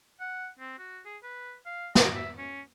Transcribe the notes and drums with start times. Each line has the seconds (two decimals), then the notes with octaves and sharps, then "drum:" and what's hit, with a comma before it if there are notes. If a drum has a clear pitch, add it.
0.20 F#5
0.59 C4
0.79 F#4
1.06 G#4
1.23 B4
1.66 F5
1.95 D#5, drum: snare
2.15 E5
2.38 C#4